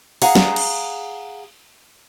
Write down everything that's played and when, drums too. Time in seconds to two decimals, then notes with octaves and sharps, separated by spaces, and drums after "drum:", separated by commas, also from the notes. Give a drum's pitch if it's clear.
0.22 G#4 F5 F#5 A#5, drum: open hi-hat
0.35 drum: snare
0.56 drum: cymbal